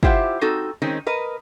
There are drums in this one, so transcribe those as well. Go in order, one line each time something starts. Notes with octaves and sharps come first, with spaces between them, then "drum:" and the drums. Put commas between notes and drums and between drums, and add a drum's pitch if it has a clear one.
E4 F4 G4 C5 E5 F#5, drum: kick
C4 D#4 F#4 A4
D#3 G#3 C4 C#4 D#4
A#4 B4 D#5